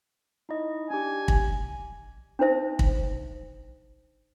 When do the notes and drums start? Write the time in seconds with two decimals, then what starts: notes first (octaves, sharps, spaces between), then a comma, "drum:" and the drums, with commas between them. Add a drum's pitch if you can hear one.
0.49 D#4 E4 D#5
0.90 D4 G4 G#5
1.28 drum: kick
2.39 D4 D#4 C5 E5
2.79 drum: kick